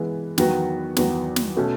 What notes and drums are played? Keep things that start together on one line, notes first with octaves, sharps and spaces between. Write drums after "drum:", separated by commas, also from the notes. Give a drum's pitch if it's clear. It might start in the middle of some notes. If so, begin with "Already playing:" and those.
Already playing: E3 G#3 B3
E2 D#3 F#3 B3 F#4, drum: snare
E2 D#3 F#3 B3 F#4, drum: snare
drum: snare
B2 A3 C#4